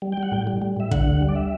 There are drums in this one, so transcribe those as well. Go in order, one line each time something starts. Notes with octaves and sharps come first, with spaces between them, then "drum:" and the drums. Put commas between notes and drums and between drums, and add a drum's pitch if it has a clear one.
G3
G3 G5
F#5
A2 G5
G3
G3
A2 E5
D3 F#5, drum: kick
D2
G3
D5
E5